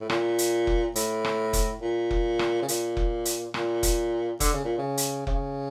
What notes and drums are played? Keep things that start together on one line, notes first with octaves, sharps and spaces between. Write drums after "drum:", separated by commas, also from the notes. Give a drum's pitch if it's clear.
A2
A#2, drum: rim click
drum: hi-hat
drum: kick F1
A2, drum: hi-hat
drum: rim click
drum: kick F1, hi-hat
A#2
drum: kick F1
drum: rim click
C#3
A#2, drum: hi-hat
drum: kick F1
drum: hi-hat
A#2, drum: rim click
drum: kick F1, hi-hat
D3, drum: kick F1, hi-hat
C#3
A#2
C#3
drum: hi-hat
C#3, drum: kick F1